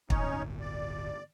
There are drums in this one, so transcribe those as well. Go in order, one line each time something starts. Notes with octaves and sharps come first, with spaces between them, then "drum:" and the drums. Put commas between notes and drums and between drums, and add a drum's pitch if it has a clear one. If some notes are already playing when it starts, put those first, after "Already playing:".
D1 G1 C#4 D#4 C#5, drum: kick
D5